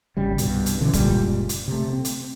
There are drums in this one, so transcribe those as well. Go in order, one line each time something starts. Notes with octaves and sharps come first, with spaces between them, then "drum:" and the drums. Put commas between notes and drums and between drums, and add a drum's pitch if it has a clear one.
G#1 C#3 G3
C2 G2 B2, drum: hi-hat
drum: hi-hat
B2 D3 E3 C#4
F#1 A#2 G3 G#3, drum: kick E1, hi-hat
drum: hi-hat
C3 A3
C4
drum: hi-hat